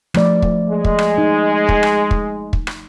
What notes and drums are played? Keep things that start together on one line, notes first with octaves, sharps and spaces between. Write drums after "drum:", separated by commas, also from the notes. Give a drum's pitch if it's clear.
F3 A3 D5, drum: rim click
drum: kick
G#3
drum: kick
drum: rim click
D#4
drum: kick
drum: rim click
drum: kick
drum: kick
drum: rim click